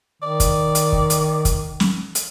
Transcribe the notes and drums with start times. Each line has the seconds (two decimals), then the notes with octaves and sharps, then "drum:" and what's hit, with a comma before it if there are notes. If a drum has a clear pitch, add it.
0.22 D#3 D5
0.40 drum: kick, hi-hat
0.75 drum: hi-hat
0.92 drum: kick
1.10 drum: hi-hat
1.45 drum: kick, hi-hat
1.80 drum: snare
2.15 drum: hi-hat